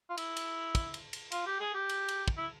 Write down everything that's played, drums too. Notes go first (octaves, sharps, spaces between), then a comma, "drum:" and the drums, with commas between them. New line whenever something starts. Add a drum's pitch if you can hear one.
F4
E4, drum: cymbal
drum: cymbal
drum: kick, cymbal
drum: cymbal
drum: cymbal
F4, drum: cymbal
G4
G#4
G4
drum: cymbal
drum: cymbal
drum: kick
E4